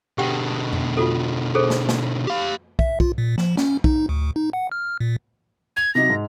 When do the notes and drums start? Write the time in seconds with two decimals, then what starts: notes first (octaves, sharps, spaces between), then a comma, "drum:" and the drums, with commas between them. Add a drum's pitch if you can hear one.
0.18 B2 D3 G4 F#5 G5
0.73 drum: tom F2
0.97 F4 F#4 A4
1.55 G#4 A4 C5
1.70 drum: snare
1.89 drum: snare
2.27 G4 F5
2.79 E5, drum: kick
3.00 F4, drum: kick
3.18 A#2
3.38 F3, drum: snare
3.57 C#4, drum: snare
3.84 D#4, drum: kick
4.09 D2
4.36 D#4
4.53 F#5
4.72 F6
5.00 A#2
5.77 G#6 F7
5.95 C3 F#3 D#4 A#6
6.10 G#2